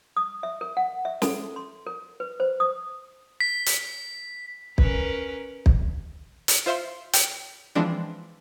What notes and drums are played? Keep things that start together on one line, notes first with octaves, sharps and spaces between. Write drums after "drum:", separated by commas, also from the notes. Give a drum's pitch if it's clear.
D#6
E5
A#4
F#5
E5
A4, drum: snare
C6
A#4
B4
C5
D#6
B6
drum: hi-hat
C#4 A#4 B4, drum: kick
drum: kick
drum: hi-hat
F4 C5 E5 F5 C6
G5, drum: hi-hat
E3 F3 G#3 C4 D4